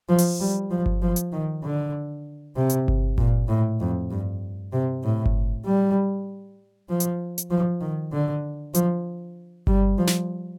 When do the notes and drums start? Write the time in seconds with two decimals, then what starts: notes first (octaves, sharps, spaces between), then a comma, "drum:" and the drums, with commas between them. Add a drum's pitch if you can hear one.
0.09 F3
0.18 drum: open hi-hat
0.40 G3
0.71 F3
0.86 drum: kick G1
1.02 F3
1.16 drum: hi-hat
1.32 D#3
1.63 D3
2.56 C3
2.70 drum: hi-hat
2.88 drum: kick G1
3.18 A#2, drum: kick G1
3.49 A2
3.80 F2
4.10 G2
4.73 C3
5.03 A2
5.26 drum: kick G1
5.65 G3
6.89 F3
7.00 drum: hi-hat
7.38 drum: hi-hat
7.51 F3
7.81 D#3
8.12 D3
8.75 F3, drum: hi-hat
9.67 G3, drum: kick G1
9.98 F3
10.07 drum: snare